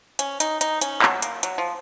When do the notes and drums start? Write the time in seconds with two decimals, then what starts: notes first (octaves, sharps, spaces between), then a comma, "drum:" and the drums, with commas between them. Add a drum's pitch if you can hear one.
0.19 C#4, drum: hi-hat
0.40 D#4, drum: hi-hat
0.61 D#4, drum: hi-hat
0.81 C#4, drum: hi-hat
1.02 F#3, drum: clap
1.22 A#3, drum: hi-hat
1.43 F#3, drum: hi-hat
1.58 F3